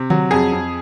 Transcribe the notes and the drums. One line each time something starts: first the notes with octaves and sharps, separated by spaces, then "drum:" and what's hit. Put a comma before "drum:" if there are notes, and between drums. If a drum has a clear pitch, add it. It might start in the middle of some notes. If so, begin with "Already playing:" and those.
Already playing: C3
F#3, drum: tom D3
F2 G#4
F2